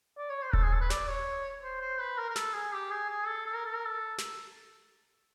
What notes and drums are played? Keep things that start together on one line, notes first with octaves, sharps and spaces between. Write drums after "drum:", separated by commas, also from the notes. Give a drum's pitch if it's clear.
D5
C#5
C5
A4, drum: kick D#1
G#4
A4
B4
D5, drum: snare
C#5
C5
C5
B4
A#4
A#4
A4, drum: snare
G#4
G4
G#4
G#4
A4
A4
A#4
A4
A#4
A4
drum: snare